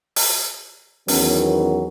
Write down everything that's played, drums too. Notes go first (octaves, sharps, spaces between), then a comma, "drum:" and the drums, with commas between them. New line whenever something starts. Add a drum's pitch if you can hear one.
drum: open hi-hat
E2 D#3 F#3 B3 C#4 A#4, drum: open hi-hat